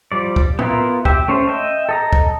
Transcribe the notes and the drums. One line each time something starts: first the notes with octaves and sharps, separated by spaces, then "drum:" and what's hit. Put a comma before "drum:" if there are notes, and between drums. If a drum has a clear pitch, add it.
F3 G3 D5
drum: kick
B3 E4 F4 A#4, drum: tom A2
G4 E5, drum: kick
A3 C#4 C5
D#5 E5 G5
A4 D#5 A#5
drum: kick